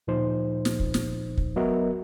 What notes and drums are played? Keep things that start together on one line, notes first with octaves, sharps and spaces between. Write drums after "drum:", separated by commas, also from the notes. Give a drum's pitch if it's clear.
D2 A#2 F3 D#4 C5
drum: snare
drum: kick
drum: snare
drum: kick
F#3 B3 F#4 A#4 D#5 E5